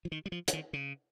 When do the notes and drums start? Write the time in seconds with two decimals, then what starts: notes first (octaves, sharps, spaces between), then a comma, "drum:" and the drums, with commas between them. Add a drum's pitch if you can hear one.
0.05 F3
0.12 D#3
0.26 G3
0.32 F3
0.48 C#3, drum: hi-hat
0.53 D#3
0.73 C#3